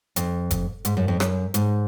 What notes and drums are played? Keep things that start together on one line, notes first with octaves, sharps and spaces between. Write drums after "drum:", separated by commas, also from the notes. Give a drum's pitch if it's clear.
F2, drum: hi-hat
drum: kick F1, hi-hat
G#2, drum: hi-hat
F#2
F2
F#2, drum: rim click
G#2, drum: hi-hat